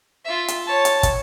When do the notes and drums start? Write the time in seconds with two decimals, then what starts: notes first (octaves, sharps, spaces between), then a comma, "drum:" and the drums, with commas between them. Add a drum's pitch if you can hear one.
0.25 F4 E5
0.48 drum: hi-hat
0.67 C#5 A5
0.85 drum: hi-hat
1.03 drum: kick, hi-hat